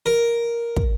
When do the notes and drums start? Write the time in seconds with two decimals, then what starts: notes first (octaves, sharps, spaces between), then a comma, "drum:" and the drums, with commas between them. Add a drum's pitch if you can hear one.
0.06 A#4
0.76 drum: kick